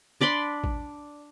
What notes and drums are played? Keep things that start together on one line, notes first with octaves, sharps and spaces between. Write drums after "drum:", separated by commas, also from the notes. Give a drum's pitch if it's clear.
D4 D5 B5 C6
drum: kick A1